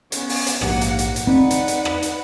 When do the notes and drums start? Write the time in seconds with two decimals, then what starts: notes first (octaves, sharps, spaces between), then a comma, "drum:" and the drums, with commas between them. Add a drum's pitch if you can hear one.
0.12 B3 C#4, drum: hi-hat
0.29 drum: open hi-hat
0.47 drum: hi-hat
0.61 A#1 G#2 A#3 G4 F#5, drum: rim click
0.81 drum: hi-hat
0.99 drum: hi-hat
1.16 drum: hi-hat
1.27 C4 D#4 B4 D5 F#5
1.51 drum: hi-hat
1.68 drum: hi-hat
1.85 drum: rim click
2.03 drum: hi-hat